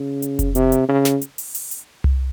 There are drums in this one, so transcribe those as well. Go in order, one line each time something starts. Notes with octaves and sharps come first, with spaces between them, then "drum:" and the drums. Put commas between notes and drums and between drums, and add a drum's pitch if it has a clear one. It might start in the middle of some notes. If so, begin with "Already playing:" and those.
Already playing: C#3
drum: hi-hat
drum: kick F1, hi-hat
C3, drum: hi-hat
drum: hi-hat
C#3
drum: snare
drum: hi-hat
drum: open hi-hat
drum: open hi-hat
drum: hi-hat
drum: tom C2